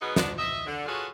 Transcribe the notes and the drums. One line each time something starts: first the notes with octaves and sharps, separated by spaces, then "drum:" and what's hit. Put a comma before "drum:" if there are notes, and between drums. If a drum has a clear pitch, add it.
B2 F#3 G#3 B3 D#4 G#4
B3 D4, drum: snare
D#5 E5
D3
F4 F#4 G#4 A4 B4 C#5